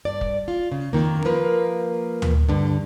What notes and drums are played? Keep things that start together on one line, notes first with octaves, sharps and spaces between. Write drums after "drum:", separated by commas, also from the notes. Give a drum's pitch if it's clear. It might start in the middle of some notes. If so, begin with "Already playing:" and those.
G2 D5
drum: kick
F4
C#3
F2 G#2 D#3 A#3
F3 A#3 A#4 B4
drum: tom
G2 D3